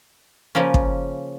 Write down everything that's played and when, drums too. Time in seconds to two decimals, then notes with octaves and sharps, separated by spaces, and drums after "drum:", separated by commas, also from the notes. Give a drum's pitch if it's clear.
0.55 C#3 F3 A#3 C#4
0.74 drum: kick